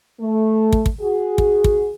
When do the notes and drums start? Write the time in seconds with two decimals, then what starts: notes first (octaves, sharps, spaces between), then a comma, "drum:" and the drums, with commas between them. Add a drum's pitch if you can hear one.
0.20 A3
0.72 drum: kick
0.86 drum: kick
1.00 F#4 G#4
1.38 drum: kick
1.64 drum: kick